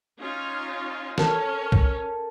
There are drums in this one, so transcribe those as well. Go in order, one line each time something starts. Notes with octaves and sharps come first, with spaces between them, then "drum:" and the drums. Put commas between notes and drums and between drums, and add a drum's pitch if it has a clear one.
C#4 D#4 F4
C#4 A4 A#4 C#5, drum: snare
drum: kick